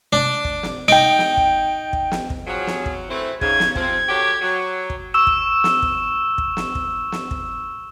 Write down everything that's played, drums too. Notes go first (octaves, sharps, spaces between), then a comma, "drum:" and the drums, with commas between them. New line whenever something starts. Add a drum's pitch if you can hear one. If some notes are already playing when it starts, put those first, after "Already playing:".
D4
drum: kick
drum: snare
D#4 G5 D7
drum: snare
drum: kick
drum: kick
drum: snare
drum: kick
F3 F#3 G#4
drum: snare
drum: kick
E3 A3 C4 E4
G#2 C#3 G#6, drum: kick
drum: snare
C3 F3 C4 G#6, drum: kick
D3 F#3 G4
F#3
drum: kick
C#6 E6 E7
drum: kick
drum: snare
drum: kick
drum: kick
drum: snare
drum: kick
drum: snare
drum: kick